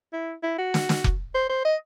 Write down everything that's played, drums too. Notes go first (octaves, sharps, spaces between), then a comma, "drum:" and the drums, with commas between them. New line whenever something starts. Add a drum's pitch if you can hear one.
E4
E4
F#4
drum: snare
drum: snare
drum: kick F1
C5
C5
D#5